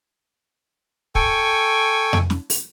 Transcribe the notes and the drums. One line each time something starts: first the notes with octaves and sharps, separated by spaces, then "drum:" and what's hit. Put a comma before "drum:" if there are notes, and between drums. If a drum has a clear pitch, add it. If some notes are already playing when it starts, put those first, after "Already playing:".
A4 G5 G#5 C#6, drum: kick
drum: tom F2
drum: snare
drum: open hi-hat